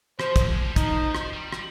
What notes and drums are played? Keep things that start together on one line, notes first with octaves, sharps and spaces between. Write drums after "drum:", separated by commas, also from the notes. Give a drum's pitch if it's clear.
F3 C5, drum: rim click
A#3, drum: kick, hi-hat
G#3
G3
F3 D#4, drum: kick, hi-hat
drum: rim click
G3
drum: rim click